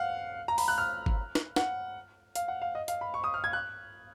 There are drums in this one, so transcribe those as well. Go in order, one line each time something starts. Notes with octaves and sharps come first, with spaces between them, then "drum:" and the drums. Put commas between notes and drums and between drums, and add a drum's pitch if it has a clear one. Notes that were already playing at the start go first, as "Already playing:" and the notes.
Already playing: F5 F#5
A#5
B5, drum: open hi-hat
F#6
F6
drum: kick G1
drum: snare
F#5, drum: snare
F5, drum: hi-hat
F#5
F5
D#5
F5, drum: hi-hat
B5
C#6
D#6
F6
G#6
F#6